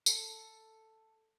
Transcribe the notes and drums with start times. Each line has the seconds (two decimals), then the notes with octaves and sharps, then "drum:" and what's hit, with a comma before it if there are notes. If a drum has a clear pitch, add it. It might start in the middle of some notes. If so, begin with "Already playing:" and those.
0.06 A4, drum: tambourine